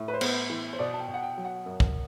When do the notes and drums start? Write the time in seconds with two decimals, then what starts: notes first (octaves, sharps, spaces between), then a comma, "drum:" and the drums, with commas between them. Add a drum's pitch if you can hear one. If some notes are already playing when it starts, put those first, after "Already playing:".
Already playing: A2
0.08 B4
0.14 C5
0.21 B3, drum: cymbal
0.50 E3
0.73 C5
0.79 B2 D5
0.94 A5
1.00 G5
1.08 B2
1.14 F#5
1.23 G5
1.37 F#3
1.45 F#5
1.66 F#2
1.80 drum: kick